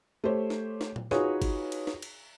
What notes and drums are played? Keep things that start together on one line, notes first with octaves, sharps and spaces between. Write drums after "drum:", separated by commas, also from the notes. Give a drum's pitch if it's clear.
A3 G4 C5 C#5
drum: snare
drum: snare
drum: tom A#2
D#4 F4 F#4 G#4 B4 C#5, drum: snare
drum: kick G1, cymbal
drum: cymbal
drum: snare
drum: cymbal